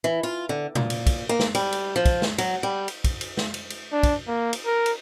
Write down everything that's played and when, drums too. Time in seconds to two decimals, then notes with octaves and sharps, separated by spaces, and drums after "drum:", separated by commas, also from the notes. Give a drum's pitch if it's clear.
0.04 E3
0.23 F4
0.49 D3
0.75 A#2, drum: tom
0.90 drum: cymbal
1.06 drum: kick, cymbal
1.29 A#3
1.39 drum: snare
1.55 G3, drum: cymbal
1.72 drum: cymbal
1.96 F3
2.05 drum: kick, cymbal
2.22 drum: snare
2.38 F#3, drum: cymbal
2.63 G3
2.88 drum: cymbal
3.04 drum: kick, cymbal
3.21 drum: cymbal
3.37 drum: snare
3.54 drum: cymbal
3.70 drum: cymbal
3.92 D4
4.03 drum: kick, cymbal
4.27 A#3
4.53 drum: cymbal
4.66 A#4
4.86 drum: cymbal